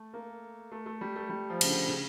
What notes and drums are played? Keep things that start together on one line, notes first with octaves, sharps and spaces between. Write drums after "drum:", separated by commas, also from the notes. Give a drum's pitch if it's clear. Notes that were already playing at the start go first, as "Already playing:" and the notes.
Already playing: A3
A#3
A3
A3
G3
A3
G3
F3
C#3, drum: cymbal
D3
C#3